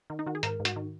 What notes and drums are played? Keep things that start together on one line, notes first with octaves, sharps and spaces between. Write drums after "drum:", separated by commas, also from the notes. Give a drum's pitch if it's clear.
D#3
D#4
D#3 F#4
G#4
G#2 A#4, drum: hi-hat
G#2
F#4, drum: hi-hat
D#3